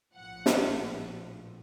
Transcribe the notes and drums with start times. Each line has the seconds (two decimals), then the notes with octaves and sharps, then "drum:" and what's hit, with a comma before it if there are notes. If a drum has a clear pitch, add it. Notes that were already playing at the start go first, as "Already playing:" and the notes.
0.14 A#1 A2 F3 F#5
0.46 drum: snare